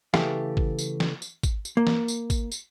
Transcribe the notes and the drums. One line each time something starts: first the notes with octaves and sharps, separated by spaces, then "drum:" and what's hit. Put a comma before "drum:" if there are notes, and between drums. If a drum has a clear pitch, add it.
C#3 E3 A3 G4 F5, drum: snare
drum: kick
drum: tambourine
drum: snare
drum: tambourine
drum: kick, tambourine
drum: tambourine
A#3
drum: snare
drum: tambourine
drum: kick, tambourine
drum: tambourine